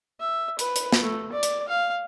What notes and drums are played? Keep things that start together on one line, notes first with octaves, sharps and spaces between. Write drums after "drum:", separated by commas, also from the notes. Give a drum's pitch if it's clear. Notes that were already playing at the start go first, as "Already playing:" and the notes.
E5
B4, drum: hi-hat
drum: hi-hat
drum: snare
A3
D5
drum: hi-hat
F5